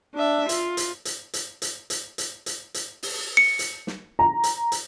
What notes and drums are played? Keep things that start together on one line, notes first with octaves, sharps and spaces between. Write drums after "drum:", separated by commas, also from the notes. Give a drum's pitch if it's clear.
D4 E5
F4, drum: hi-hat
drum: hi-hat
drum: hi-hat
drum: hi-hat
drum: hi-hat
drum: hi-hat
drum: hi-hat
drum: hi-hat
drum: hi-hat
drum: open hi-hat
C#7
drum: hi-hat
drum: snare
A#5
drum: hi-hat
drum: hi-hat